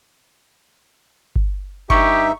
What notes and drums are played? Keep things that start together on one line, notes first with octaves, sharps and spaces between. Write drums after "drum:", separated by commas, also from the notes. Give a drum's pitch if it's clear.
drum: kick G1
G2 D#4 G4 E5 C#6, drum: kick G1